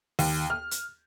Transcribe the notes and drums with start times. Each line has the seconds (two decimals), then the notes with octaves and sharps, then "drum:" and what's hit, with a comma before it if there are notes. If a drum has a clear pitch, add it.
0.19 D#2, drum: open hi-hat
0.50 F6
0.71 drum: hi-hat